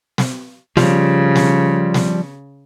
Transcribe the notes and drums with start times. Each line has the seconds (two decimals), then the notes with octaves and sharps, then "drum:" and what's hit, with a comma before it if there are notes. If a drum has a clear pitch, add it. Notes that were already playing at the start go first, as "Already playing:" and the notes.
0.18 drum: snare
0.77 C#3 F3 G3, drum: snare
1.36 drum: snare
1.94 drum: snare